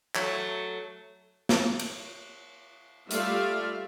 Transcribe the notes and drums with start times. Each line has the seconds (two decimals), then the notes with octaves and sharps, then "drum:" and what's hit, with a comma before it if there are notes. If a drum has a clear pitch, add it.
0.15 F#3 A3, drum: clap
1.49 drum: snare
1.79 drum: cymbal
3.11 G3 A3 F4 D5 E5 F5, drum: hi-hat